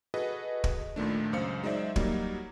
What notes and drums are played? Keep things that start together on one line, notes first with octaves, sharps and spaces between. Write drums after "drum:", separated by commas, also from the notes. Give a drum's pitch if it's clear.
F#4 G#4 A4 B4 D#5
drum: kick
A#1 A#2 D#3 A3 D4
C#2 F#2 C5 F5 C#7
F#3 G#3 D#4 C5 D5 E5
F#3 G3 A#3 D#4, drum: kick